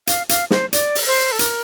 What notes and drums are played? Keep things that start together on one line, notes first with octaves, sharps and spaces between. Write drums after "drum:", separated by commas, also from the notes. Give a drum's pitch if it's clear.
F5, drum: hi-hat
F5, drum: hi-hat
C5, drum: snare
D5, drum: hi-hat
drum: open hi-hat
C5
A4
A#4, drum: hi-hat